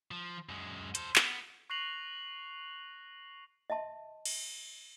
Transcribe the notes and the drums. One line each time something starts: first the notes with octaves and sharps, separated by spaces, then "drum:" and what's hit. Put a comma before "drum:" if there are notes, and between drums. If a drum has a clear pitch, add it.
F3
F#2 G#3
A4 C5, drum: hi-hat
B3, drum: clap
C#6 F#6 A#6 C7 F7 F#7
D#5 E5 A5 C6
drum: cymbal